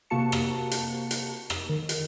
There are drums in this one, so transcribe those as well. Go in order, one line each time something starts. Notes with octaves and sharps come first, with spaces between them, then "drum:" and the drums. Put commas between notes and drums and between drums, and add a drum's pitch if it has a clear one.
C3 A#3 F#4 A5 C#7
drum: rim click
drum: hi-hat
drum: hi-hat
drum: rim click
D#3
drum: hi-hat